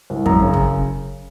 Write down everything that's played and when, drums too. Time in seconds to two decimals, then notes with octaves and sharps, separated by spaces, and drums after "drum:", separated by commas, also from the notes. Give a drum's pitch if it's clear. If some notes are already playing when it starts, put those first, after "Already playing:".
0.10 C2
0.26 F#2 A#5, drum: kick
0.42 C#3
0.54 drum: tom